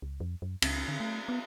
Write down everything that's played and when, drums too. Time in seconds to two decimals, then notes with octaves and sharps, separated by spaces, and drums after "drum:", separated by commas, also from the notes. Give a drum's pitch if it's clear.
0.02 C#2
0.20 F2
0.42 F#2
0.62 C#2, drum: cymbal
0.88 D3
1.00 A3
1.29 B3